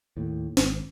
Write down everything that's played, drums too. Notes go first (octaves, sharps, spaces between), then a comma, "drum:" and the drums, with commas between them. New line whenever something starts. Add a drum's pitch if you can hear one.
D#2 A2
G#1, drum: snare